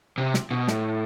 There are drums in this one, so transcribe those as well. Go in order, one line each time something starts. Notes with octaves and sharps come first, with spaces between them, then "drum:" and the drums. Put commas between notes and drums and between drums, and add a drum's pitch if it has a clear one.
C3
drum: snare
B2
A2, drum: snare